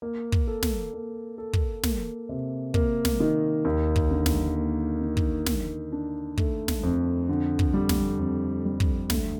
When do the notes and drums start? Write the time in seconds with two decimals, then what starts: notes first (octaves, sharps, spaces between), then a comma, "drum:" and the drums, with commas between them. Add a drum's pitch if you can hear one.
0.02 A#3
0.32 drum: kick
0.47 A4
0.63 drum: snare
0.93 A#3
1.38 A4
1.53 drum: kick
1.83 A#3, drum: snare
2.29 C3
2.74 A#3, drum: kick
3.05 drum: snare
3.20 D#3
3.65 D#2
3.96 drum: kick
4.11 D3
4.26 drum: snare
4.56 A#3
5.01 D3
5.17 drum: kick
5.46 D#3, drum: snare
5.92 D4
6.38 A3, drum: kick
6.68 drum: snare
6.83 F2
7.29 D3
7.59 drum: kick
7.74 G3
7.89 drum: snare
8.19 F2
8.65 G3
8.80 drum: kick
9.10 D2, drum: snare